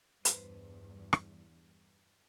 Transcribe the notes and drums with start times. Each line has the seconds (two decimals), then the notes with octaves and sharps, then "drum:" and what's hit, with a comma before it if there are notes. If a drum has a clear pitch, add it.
0.25 E2 G2 B4 C5, drum: hi-hat
1.13 drum: rim click